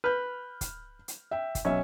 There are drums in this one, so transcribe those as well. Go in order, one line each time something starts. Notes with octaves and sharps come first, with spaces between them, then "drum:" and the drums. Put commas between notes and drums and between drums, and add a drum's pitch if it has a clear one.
B4 F6 G6
drum: kick, hi-hat
drum: hi-hat
E5 G5
drum: kick, hi-hat
B1 C#4 E5